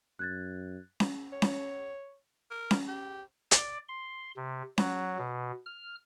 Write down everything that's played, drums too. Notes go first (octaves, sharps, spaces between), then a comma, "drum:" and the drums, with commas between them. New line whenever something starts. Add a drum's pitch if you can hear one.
F#2 F#6 G#6 A6
drum: snare C#4
C#5
drum: snare C#4
A#4
drum: snare C#4
G4
D5, drum: hi-hat
C6
C3
F#3, drum: snare C#4
B2
F6